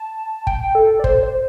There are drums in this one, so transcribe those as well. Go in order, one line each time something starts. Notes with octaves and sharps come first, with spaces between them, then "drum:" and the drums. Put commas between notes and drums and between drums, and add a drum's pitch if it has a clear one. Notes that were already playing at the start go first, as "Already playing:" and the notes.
Already playing: A5
G5, drum: kick G1
A4
D5
C5, drum: kick G1
C5